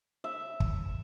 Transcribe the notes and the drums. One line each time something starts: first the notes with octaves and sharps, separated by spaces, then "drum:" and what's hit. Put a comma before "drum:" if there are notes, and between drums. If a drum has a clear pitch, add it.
E5
drum: kick